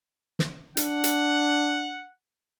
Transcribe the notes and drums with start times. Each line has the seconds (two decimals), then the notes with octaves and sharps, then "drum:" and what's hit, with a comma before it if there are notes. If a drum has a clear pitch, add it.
0.39 drum: snare
0.77 D4 F#5, drum: hi-hat
1.04 drum: hi-hat